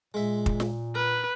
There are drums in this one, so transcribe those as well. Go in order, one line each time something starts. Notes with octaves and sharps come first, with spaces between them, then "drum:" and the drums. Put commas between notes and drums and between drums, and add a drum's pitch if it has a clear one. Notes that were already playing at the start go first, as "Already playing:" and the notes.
A#2 G#3 E5
drum: kick
drum: snare
A#4 B4